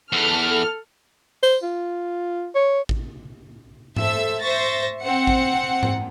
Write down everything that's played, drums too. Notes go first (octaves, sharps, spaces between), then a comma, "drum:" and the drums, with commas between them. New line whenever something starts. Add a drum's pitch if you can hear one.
E2 E3 A4 F6
C5, drum: tambourine
F4
C#5
drum: kick A1
A4 C5 E5 E6, drum: tom G#2
C5 E5 C#6 A6 A#6
C4 F#5 C#7
drum: kick A1
drum: tom G#2